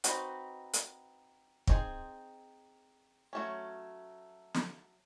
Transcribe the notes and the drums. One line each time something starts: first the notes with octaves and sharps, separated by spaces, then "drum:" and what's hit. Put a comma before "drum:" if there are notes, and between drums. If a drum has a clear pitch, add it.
C4 D#4 F#4 B4 D#5, drum: hi-hat
drum: hi-hat
C4 D#4 G#4 C5, drum: kick
F#3 A3 C#4
drum: snare